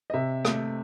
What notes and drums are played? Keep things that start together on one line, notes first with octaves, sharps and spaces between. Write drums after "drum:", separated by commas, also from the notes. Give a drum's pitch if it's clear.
D#5
C3 E5
A3, drum: rim click